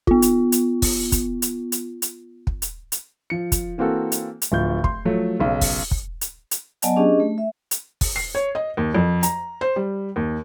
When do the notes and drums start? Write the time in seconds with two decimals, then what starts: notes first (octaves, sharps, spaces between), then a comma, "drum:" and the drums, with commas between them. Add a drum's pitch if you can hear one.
0.07 B3 F4, drum: kick
0.22 drum: hi-hat
0.52 drum: hi-hat
0.82 drum: kick, open hi-hat
1.12 drum: kick, hi-hat
1.42 drum: hi-hat
1.72 drum: hi-hat
2.02 drum: hi-hat
2.47 drum: kick
2.62 drum: hi-hat
2.92 drum: hi-hat
3.30 F3 C#7
3.52 drum: kick, hi-hat
3.78 E3 A#3 C4 F#4 A4
4.12 drum: hi-hat
4.42 drum: hi-hat
4.52 D1 F3 G6
4.84 C6, drum: kick
5.05 F3 F#3 A3
5.39 B1 C#3
5.61 drum: kick, open hi-hat
5.91 drum: kick
6.21 drum: hi-hat
6.51 drum: hi-hat
6.82 F#3 B3 D5 D#5 G#5 A5, drum: hi-hat
6.96 C#4 D4 G4 G#4 D#5
7.20 A3
7.38 E5
7.71 drum: hi-hat
8.01 drum: kick, open hi-hat
8.16 C7
8.35 C#5
8.55 D#5
8.77 D#2
8.95 F2
9.23 A#5, drum: hi-hat
9.61 C5
9.76 G3
10.16 D#2